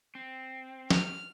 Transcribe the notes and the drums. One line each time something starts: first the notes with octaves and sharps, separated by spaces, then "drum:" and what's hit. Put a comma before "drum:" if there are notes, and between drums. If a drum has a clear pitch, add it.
C4
F6, drum: snare